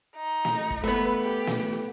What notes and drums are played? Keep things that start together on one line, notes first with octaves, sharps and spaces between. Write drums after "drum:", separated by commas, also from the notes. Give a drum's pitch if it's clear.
D#4
drum: snare
drum: kick
A3 B3 B4
G4
drum: snare
drum: hi-hat